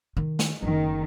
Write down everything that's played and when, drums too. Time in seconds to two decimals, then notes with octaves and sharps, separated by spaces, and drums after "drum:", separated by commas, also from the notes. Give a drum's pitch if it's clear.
0.17 D#3
0.39 drum: snare
0.63 F#1 D#3